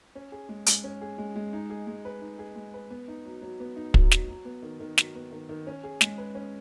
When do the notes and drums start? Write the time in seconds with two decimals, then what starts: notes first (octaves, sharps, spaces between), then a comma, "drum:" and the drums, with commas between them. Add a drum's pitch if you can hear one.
0.15 C#4
0.32 G#4
0.49 G#3
0.66 G#3, drum: hi-hat
0.84 C#4
1.01 G#4
1.18 G#3
1.36 G#3
1.53 D#4
1.70 G#4
1.87 G#3
2.05 B4
2.21 D#4
2.39 G#4
2.56 G#3
2.74 B4
2.90 B3
3.08 D#4
3.25 F#3
3.42 F#3
3.60 B3
3.76 D#4
3.94 F#3, drum: kick
4.11 F#3, drum: snare
4.28 F#3
4.45 B3
4.62 D#3
4.80 D#3
4.98 F#3, drum: snare
5.15 B3
5.32 D#3
5.49 D#3
5.67 C#4
5.84 G#4
6.01 G#3, drum: snare
6.18 B4
6.35 C#4